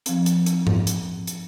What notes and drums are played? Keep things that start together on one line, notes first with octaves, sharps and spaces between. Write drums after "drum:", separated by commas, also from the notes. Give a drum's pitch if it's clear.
F3 C4, drum: hi-hat
drum: hi-hat
drum: hi-hat
drum: tom G#2
drum: hi-hat
drum: hi-hat